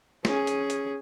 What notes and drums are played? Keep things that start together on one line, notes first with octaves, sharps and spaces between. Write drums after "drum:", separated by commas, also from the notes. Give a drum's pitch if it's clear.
C#4 G#4, drum: snare
drum: hi-hat
drum: hi-hat